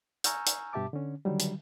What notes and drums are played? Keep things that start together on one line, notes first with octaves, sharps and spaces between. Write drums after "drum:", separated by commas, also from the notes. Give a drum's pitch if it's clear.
G#5 A#5 C#6 E6 F6 G6, drum: hi-hat
drum: hi-hat
G2 B2 G4 E5 A5 D6
D3 C#4
D3 D#3 F#3 G3
drum: hi-hat